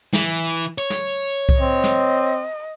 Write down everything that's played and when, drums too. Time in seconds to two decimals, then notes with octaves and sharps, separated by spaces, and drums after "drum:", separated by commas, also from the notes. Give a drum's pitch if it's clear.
0.13 E3, drum: snare
0.78 C#5
0.90 drum: snare
1.49 drum: kick C2
1.61 C4 D#5
1.84 drum: snare